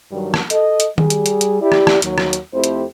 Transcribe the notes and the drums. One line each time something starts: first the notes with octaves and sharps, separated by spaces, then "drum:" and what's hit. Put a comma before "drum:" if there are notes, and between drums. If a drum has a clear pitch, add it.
G2 D#3 F#3 G3
drum: rim click
A4 D#5, drum: hi-hat
drum: hi-hat
G3 G#4, drum: tom D#3
drum: hi-hat
drum: hi-hat
drum: hi-hat
E4 G4 D5
drum: rim click
drum: rim click
D#2 F#3, drum: hi-hat
drum: rim click
drum: hi-hat
F2 A3 C4 E4 G4 C5
drum: hi-hat